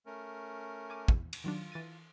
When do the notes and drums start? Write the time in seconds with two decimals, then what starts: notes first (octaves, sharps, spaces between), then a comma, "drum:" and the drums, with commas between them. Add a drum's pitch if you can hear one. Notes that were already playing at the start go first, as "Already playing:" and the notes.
0.06 A3 C#4 A#4
0.90 G#5 D6 D#7
1.08 E2, drum: kick
1.33 drum: cymbal
1.44 D#3 F#3 D4 F4
1.72 E3 A6 D#7